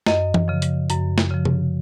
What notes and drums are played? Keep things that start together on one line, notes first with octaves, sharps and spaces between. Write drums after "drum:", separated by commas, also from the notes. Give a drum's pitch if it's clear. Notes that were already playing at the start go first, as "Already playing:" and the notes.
F#2 D#5, drum: snare
drum: tom E3
C#3 F3
drum: hi-hat
F#2, drum: hi-hat
drum: snare
C#3 F3
drum: tom C3